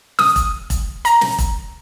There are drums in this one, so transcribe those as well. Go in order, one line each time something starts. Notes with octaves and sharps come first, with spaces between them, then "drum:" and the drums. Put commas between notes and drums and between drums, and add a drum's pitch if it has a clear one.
D#6, drum: snare
drum: kick E1, hi-hat
drum: kick E1, hi-hat
A#5, drum: hi-hat
drum: snare
drum: kick E1, hi-hat